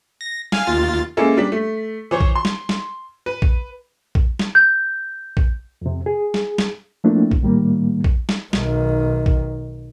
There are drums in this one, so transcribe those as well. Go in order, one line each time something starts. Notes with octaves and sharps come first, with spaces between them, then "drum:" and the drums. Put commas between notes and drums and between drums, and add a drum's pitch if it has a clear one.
A#6
F5 G#5, drum: snare
D#2 F4 A6
G#3 A#3 C#4 E4 A4
G3 D4 B6
A3
E3 C5 C#5
drum: kick A#1
C6
drum: snare
drum: snare
B4
drum: kick A#1
drum: kick A#1
drum: snare
G6
drum: kick A#1
F2 C3
G#4
drum: snare
drum: snare
F3 A3 A#3 C4 D4 E4
drum: kick A#1
A2 D#3 G3 A#3
drum: kick A#1
drum: snare
B1 D#3, drum: snare
drum: kick A#1